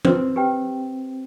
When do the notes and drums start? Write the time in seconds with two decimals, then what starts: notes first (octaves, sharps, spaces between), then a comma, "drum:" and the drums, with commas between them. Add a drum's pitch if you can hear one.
0.05 C4 B4 C6, drum: tom E3
0.36 G4 B4 G5